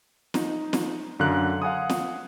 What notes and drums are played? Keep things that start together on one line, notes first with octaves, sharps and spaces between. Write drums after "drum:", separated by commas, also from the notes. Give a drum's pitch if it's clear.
D#4, drum: snare
drum: snare
F#2 D3 F5 F#6
F5 F#5 G#5 D#6
drum: snare